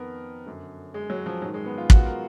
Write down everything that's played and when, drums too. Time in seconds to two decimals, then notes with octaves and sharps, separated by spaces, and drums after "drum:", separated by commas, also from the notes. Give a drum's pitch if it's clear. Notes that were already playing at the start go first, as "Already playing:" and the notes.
Already playing: F2 D#3 B3 A#4
0.46 F#2 D3
0.94 G#3
1.10 F#3
1.26 F3
1.42 G#2 D#3 F#3
1.54 G#3
1.66 B3
1.78 F4
1.90 F#4, drum: kick
2.06 A#4